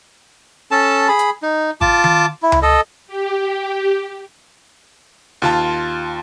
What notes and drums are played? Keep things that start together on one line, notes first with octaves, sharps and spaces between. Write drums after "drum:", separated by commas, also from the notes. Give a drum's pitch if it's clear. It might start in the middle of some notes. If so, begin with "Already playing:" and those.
C#4 A4 A5
G#4 B5
drum: hi-hat
D#4
F4 A5 D6, drum: kick G#1
drum: tom D#3
E4
drum: tom C#2
A4 D#5
G4
D#2 F4 A5, drum: snare